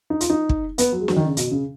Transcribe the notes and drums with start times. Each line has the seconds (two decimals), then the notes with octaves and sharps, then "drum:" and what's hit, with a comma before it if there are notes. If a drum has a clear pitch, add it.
0.10 D#4
0.21 F4, drum: hi-hat
0.30 D#4
0.49 drum: kick
0.78 B3, drum: hi-hat
0.92 F#3
1.00 G#3
1.08 F#3, drum: snare
1.17 D#3
1.26 C#3
1.37 B2, drum: hi-hat
1.51 C#3